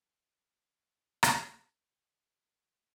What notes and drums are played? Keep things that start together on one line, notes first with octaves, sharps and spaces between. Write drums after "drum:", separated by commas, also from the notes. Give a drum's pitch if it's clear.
G1 D6
drum: rim click